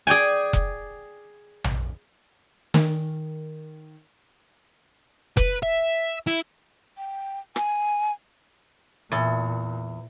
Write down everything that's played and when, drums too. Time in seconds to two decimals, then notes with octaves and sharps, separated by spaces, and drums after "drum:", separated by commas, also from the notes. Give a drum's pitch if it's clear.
0.07 G#4 D5 G5 G#5
0.53 drum: kick F1
1.64 drum: tom A#1
2.74 D#3, drum: snare
5.37 B4, drum: kick F1
5.63 E5
6.27 E4
6.98 G5
7.56 G#5, drum: rim click
9.12 E2 A#2